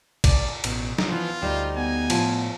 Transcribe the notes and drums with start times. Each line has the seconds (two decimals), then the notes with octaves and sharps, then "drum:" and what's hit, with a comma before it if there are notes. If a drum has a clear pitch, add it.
0.24 D5, drum: kick, cymbal
0.64 A1 B2, drum: cymbal
0.98 drum: snare
1.08 E3 F3 B3 F4
1.42 D2 G3 D#4 C5
1.76 B3 G#5
2.10 A2 F3, drum: cymbal